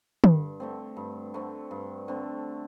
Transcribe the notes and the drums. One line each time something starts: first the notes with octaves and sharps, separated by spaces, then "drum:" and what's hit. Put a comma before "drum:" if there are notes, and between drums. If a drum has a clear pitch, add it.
G2, drum: tom
D3 A3 C4
G2
D3 A3 C4
G2
D3 A3 C4